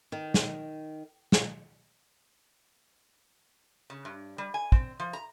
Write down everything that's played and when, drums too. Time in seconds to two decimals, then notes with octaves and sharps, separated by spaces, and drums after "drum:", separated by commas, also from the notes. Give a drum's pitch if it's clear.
0.12 D#3
0.34 drum: snare
1.32 drum: snare
3.90 C#3
4.05 G2
4.38 G3
4.54 G#5
4.72 C4, drum: kick
5.00 F3
5.13 A#5